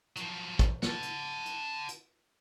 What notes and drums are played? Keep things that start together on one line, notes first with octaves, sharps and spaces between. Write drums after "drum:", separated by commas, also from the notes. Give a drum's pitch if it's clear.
F3 F#3, drum: hi-hat
drum: kick, hi-hat
F#5 A5, drum: snare
drum: hi-hat
drum: hi-hat
drum: hi-hat